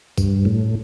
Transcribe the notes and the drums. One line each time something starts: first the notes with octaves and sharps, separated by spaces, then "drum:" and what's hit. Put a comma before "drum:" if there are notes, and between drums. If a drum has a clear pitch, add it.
G2, drum: kick, tambourine
A2